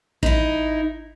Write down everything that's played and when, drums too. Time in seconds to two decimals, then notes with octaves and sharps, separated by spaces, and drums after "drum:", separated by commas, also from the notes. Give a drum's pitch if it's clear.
0.23 D#4 E4, drum: kick A1